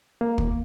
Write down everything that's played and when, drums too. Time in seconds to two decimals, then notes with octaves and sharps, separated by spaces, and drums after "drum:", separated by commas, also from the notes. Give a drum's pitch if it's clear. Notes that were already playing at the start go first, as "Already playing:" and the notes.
0.21 A#3
0.38 drum: kick